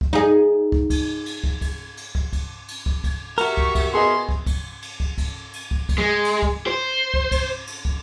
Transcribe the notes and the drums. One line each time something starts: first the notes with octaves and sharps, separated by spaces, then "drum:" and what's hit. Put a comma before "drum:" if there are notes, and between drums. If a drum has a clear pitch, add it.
drum: kick
D#4 G#4
drum: kick
drum: kick, cymbal
drum: cymbal
drum: kick
drum: kick, cymbal
drum: cymbal
drum: kick
drum: kick, cymbal
drum: cymbal
drum: kick
drum: kick, cymbal
F#4 G4 A#4 E5 C#6, drum: cymbal
drum: kick
drum: kick, cymbal
B3 G#4 D#5 C6
drum: kick
drum: kick, cymbal
drum: cymbal
drum: kick
drum: kick, cymbal
drum: cymbal
drum: kick
drum: kick, cymbal
G#3
drum: cymbal
drum: kick
C5
drum: kick
drum: kick, cymbal
drum: cymbal
drum: kick